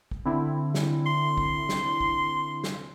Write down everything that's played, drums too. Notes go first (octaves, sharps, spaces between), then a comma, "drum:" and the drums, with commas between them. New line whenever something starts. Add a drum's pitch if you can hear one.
drum: kick
D3 C4 E4
drum: snare
C6
drum: kick
drum: snare
drum: kick
drum: snare